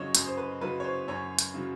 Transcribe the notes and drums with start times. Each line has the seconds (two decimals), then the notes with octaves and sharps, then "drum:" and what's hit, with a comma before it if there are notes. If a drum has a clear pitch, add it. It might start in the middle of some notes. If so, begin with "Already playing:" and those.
Already playing: F#2 C#3 F#3 C#5 D#5
0.15 F#2, drum: hi-hat
0.26 C5
0.37 B4
0.61 C#3 F#3 B4
0.80 C#5
0.84 C5
1.08 F#2 C#5
1.39 drum: hi-hat
1.54 C#3 F#3